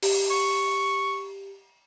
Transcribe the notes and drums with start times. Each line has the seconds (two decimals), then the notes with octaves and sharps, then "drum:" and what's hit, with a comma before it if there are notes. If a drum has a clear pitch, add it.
0.03 G4, drum: open hi-hat
0.30 C#6